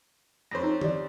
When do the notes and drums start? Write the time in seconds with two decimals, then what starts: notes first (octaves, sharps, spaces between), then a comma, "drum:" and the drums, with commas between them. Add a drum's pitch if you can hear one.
0.51 F2 C#4 C5 A#6
0.63 D#4
0.81 G4 D5, drum: tom D#3